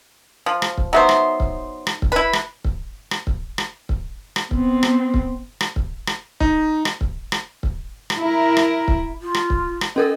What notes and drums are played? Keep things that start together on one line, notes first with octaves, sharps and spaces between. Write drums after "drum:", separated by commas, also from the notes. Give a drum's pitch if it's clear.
F3
drum: rim click
drum: kick C#1
F#3 B3 D#4 C5 D#5 E5
drum: rim click
drum: kick C#1
drum: rim click
drum: kick C#1
E4 B4
drum: rim click
drum: kick C#1
drum: rim click
drum: kick C#1
drum: rim click
drum: kick C#1
drum: rim click
B3 C4, drum: kick C#1
drum: rim click
drum: kick C#1
drum: rim click
drum: kick C#1
drum: rim click
D#4, drum: kick C#1
drum: rim click
drum: kick C#1
drum: rim click
drum: kick C#1
drum: rim click
E4 A#4
drum: rim click
drum: kick C#1
F4
drum: rim click
drum: kick C#1
drum: rim click
C#4 A4 A#4 D#5